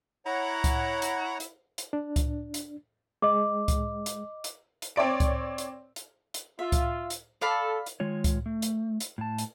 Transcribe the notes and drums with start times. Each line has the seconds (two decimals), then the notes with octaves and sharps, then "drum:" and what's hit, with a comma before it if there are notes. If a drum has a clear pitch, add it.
0.26 E4 C#5 F#5 A#5
0.64 drum: kick C#2, hi-hat
1.02 drum: hi-hat
1.40 drum: hi-hat
1.78 drum: hi-hat
1.93 D4
2.16 drum: kick C#2, hi-hat
2.54 drum: hi-hat
3.22 G#3 D#5 D6
3.68 drum: kick C#2, hi-hat
4.06 drum: hi-hat
4.44 drum: hi-hat
4.82 drum: hi-hat
4.96 C4 C#5 D5 D7
5.20 drum: kick C#2, hi-hat
5.58 drum: hi-hat
5.96 drum: hi-hat
6.34 drum: hi-hat
6.59 F4 E5
6.72 drum: kick C#2, hi-hat
7.10 drum: hi-hat
7.41 A4 D5 F5 B5
7.86 drum: hi-hat
8.00 D#3 G#3 F4 C#5
8.24 drum: kick C#2, hi-hat
8.46 A3
8.62 drum: hi-hat
9.00 drum: hi-hat
9.18 A2 A5
9.38 drum: hi-hat